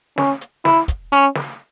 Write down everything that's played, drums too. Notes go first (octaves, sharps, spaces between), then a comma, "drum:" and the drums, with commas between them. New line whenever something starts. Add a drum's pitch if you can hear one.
C#4, drum: snare
drum: hi-hat
E4, drum: snare
drum: kick, hi-hat
C#4, drum: hi-hat
drum: snare